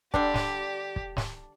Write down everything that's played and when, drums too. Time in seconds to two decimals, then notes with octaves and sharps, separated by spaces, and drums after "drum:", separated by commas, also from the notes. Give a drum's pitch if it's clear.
0.14 D3 G3 D4 G4, drum: kick
0.34 drum: snare
0.96 drum: kick
1.17 drum: snare